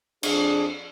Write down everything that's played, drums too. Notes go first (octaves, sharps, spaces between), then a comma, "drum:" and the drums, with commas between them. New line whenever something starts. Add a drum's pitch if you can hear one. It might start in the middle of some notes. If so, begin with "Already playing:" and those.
F2 D4 G#4, drum: cymbal